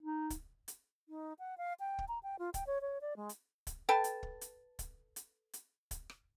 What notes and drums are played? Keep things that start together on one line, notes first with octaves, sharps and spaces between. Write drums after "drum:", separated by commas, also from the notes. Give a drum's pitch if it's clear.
D#4
drum: kick, hi-hat
drum: hi-hat
D#4
F#5
F5
G5
drum: kick
A#5
G5
F4
G5, drum: kick, hi-hat
C#5
C#5
D5
G#3
drum: hi-hat
drum: kick, hi-hat
A4 B4 G5 A5
drum: hi-hat
drum: kick
drum: hi-hat
drum: kick, hi-hat
drum: hi-hat
drum: hi-hat
drum: kick, hi-hat
drum: rim click